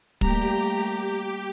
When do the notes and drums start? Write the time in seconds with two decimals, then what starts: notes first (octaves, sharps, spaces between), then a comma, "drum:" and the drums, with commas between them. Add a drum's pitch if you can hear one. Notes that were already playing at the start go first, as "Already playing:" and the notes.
0.21 G3 A3 A#3 G4 A#5, drum: kick